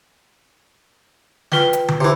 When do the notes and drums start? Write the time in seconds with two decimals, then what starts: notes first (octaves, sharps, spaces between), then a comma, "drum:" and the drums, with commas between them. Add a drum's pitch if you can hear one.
1.52 F4 B4 G5, drum: snare
1.73 drum: hi-hat
1.88 drum: tom D3
2.01 C3 E3